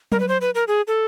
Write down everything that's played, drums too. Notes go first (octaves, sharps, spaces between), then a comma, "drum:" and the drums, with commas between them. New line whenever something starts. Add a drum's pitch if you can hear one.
A#4, drum: tom F#3
B4
C5
B4
A#4
G#4
A4